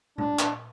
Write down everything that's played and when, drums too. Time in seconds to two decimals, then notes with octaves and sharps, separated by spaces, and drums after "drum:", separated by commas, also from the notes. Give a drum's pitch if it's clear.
0.18 D4, drum: tom A#2
0.39 drum: clap